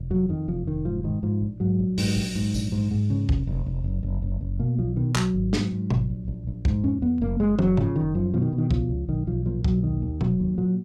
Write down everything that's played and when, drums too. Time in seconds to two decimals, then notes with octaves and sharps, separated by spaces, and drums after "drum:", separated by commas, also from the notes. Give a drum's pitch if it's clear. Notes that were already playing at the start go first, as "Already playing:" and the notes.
Already playing: F1
0.10 F2 F#3
0.29 F2 D#3
0.48 F1 F3
0.67 F1 D#3
0.85 G#2 F3
1.04 G#2 D#3
1.23 G#2 F3
1.41 A#1
1.60 G#2 F#3
1.79 A#1
1.98 G#2, drum: open hi-hat
2.16 A#1
2.35 G#2
2.54 A#1, drum: tambourine
2.72 G#2
2.91 G#2
3.10 C#3
3.29 F1, drum: kick
3.47 F1
3.66 F1
3.84 F#1
4.03 F#1
4.22 F#1
4.41 F#1
4.59 B2 A#3
4.78 B1 F3
4.96 B2 D#3
5.15 B1 F#3, drum: clap
5.34 G#1
5.53 G#2, drum: snare
5.72 G#2
5.90 G#1, drum: tom B2
6.10 A#1
6.28 A#1
6.47 A#1
6.65 G#2, drum: kick
6.84 F2 C#4
7.02 F2 B3
7.21 F#1 A#3
7.40 F#1 G#3
7.59 F#1 F#3, drum: tom
7.77 C#3 F3, drum: tom G#2
7.96 F#1 D#3
8.15 F#2 F3
8.34 B2 F3
8.42 D#3
8.53 B2
8.58 D#3
8.71 C#2 F3, drum: kick
8.89 C#2
9.08 B1 D#3
9.27 B1 F3
9.46 A#2 F3
9.64 B1 F#3, drum: kick
9.83 D#2 D#3
10.02 D#2
10.21 F1 F#3, drum: tom B2
10.40 D#2
10.58 A#2 F#3